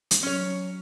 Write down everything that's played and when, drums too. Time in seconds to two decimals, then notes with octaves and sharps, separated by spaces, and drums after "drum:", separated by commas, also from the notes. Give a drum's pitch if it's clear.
0.11 drum: hi-hat
0.23 F#3 C#4 C#5